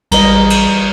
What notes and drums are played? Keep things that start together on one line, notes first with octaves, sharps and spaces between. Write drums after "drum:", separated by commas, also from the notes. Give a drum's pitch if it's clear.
A1 G3 B4 D#5 A#5, drum: cymbal
drum: cymbal